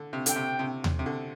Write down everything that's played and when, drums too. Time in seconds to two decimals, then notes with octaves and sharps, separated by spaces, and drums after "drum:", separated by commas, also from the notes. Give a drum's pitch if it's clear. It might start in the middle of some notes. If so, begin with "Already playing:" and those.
Already playing: D3
0.13 C3
0.26 D3 G5, drum: hi-hat
0.36 C3
0.59 C3
0.84 drum: tom D#2
0.99 C3
1.06 D3